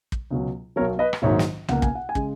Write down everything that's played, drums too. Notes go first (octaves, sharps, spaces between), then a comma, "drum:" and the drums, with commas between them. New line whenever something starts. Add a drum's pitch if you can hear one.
drum: kick
C#2 B2 F#3 C#4
B1 B2 F#3 A#4 C#5
B4 D#5
drum: rim click
A#1 G#2 D#3 F#3 C#5 E5
drum: snare
C#2 B2 A#3 F#5, drum: tom C2
G#5, drum: kick
F#5
G#5
C#3 G#3, drum: kick